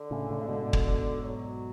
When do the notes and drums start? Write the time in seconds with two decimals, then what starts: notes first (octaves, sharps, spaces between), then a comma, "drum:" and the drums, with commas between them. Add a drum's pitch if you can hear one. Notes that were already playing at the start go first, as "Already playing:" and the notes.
Already playing: D3
0.11 A2 C#3
0.30 A2 C#3
0.41 C#3
0.48 G#2 B2
0.73 drum: kick
1.22 F#3